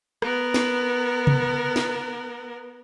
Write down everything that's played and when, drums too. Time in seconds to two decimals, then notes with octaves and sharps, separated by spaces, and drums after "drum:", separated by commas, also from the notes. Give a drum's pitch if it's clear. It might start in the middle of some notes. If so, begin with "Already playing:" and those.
0.22 B3 A#4, drum: rim click
0.54 drum: snare
1.27 drum: tom C3
1.76 drum: snare